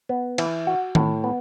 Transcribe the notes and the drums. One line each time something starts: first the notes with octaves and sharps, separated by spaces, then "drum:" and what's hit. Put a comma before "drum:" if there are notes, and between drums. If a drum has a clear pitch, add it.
B3
E3, drum: cymbal
F#4
A2, drum: tom D#3
B3